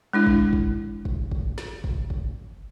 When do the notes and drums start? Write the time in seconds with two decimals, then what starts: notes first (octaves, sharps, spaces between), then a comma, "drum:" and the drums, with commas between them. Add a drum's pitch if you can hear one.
0.13 G#3 D4 E4
0.27 drum: kick
0.53 drum: kick
1.05 drum: kick
1.32 drum: kick
1.58 drum: snare
1.84 drum: kick
2.10 drum: kick